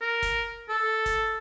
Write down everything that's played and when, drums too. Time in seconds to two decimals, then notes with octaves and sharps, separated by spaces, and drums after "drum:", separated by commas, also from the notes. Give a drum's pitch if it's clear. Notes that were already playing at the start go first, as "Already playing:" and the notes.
0.02 A#4
0.22 drum: kick, hi-hat
0.70 A4
1.06 drum: kick, hi-hat